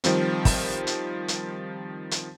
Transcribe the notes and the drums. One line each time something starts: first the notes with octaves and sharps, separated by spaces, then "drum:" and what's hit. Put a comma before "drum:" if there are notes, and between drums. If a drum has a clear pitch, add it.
D#3 F3 G3 C4, drum: hi-hat
drum: kick, open hi-hat
drum: hi-hat
drum: hi-hat
drum: hi-hat